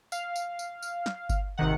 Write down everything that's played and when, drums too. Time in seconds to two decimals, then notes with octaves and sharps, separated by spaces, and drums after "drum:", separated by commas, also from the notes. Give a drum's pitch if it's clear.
0.12 F5, drum: tambourine
0.36 drum: tambourine
0.59 drum: tambourine
0.83 drum: tambourine
1.06 drum: snare
1.29 drum: kick G1, tambourine
1.57 G#1 C3 D#3 F#5